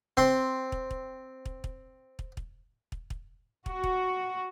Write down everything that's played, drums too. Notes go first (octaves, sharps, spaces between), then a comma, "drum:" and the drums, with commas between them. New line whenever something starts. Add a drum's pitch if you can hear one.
C4 C6, drum: kick
drum: kick
drum: kick
drum: kick
drum: kick
drum: kick
drum: kick
drum: kick
drum: kick
F#4, drum: kick
drum: kick